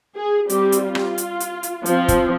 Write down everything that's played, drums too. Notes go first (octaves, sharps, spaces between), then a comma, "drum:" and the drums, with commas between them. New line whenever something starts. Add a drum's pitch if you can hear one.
G#4
G3 C4 G4, drum: hi-hat
drum: hi-hat
F4
drum: rim click
drum: hi-hat
drum: hi-hat
drum: hi-hat
F3 C4, drum: hi-hat
drum: kick, hi-hat